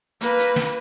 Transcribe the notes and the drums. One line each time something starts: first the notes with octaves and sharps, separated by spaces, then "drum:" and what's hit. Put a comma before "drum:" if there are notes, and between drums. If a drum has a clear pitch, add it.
A#3 B4, drum: hi-hat
drum: hi-hat
drum: snare